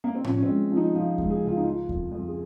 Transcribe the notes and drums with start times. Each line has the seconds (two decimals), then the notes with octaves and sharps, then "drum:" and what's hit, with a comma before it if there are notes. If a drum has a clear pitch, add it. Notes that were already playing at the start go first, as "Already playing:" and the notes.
0.04 A#3
0.15 C4
0.24 F3 C#4, drum: tom A2
0.38 C#4
0.43 C4
0.49 G#3
0.72 F3
0.77 D#4
0.95 F3 F4
1.18 G#3, drum: kick D#2
1.30 G#4
1.42 C#2 F4
1.57 D#4
1.64 F3 F4
1.89 F2, drum: kick D#2
2.12 F2
2.28 G#4